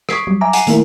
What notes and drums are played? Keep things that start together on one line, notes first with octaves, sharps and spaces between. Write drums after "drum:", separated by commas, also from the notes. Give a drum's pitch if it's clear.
C#6 D#6 G#6 B6 C7 D7, drum: rim click
F#3 G3
E5 G#5 A#5 D6
F#5 G#5 A#5 C7 C#7 D#7, drum: hi-hat
D#3 A3 A#3 E4 A#4, drum: hi-hat